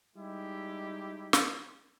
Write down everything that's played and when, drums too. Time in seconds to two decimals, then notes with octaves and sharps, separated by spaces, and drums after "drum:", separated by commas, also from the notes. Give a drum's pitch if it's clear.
0.16 G3 G#3 D#4 E4 G4
1.33 drum: snare